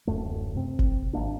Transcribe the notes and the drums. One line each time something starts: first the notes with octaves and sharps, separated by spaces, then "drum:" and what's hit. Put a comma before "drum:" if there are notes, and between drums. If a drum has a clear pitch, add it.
D1 F#2 A3
C3 C4
drum: kick F#1
G#1 A#2 A#3 D4